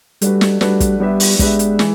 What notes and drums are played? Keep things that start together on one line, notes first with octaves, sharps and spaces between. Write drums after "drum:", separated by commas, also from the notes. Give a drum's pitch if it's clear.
G3 A3 D4 F#4 B4, drum: hi-hat
drum: snare
G3 A3 D4 F#4 B4, drum: snare
drum: kick, hi-hat
G3 B3 D4 G4 B4 E5
drum: open hi-hat
G#3 B3 D4 G4 B4 E5, drum: kick, hi-hat
drum: hi-hat
E3, drum: snare